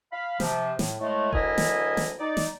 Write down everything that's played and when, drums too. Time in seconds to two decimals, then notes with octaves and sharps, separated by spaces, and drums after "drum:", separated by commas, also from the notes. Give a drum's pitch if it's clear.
0.13 F5 B5
0.40 C3 F3, drum: snare
0.79 A2, drum: snare
1.00 A2 G#3 A3
1.33 D2 F#3 E4 A#4 D#5 G#5, drum: kick F1
1.58 drum: snare
1.97 drum: snare
2.19 D#4 D5
2.37 drum: snare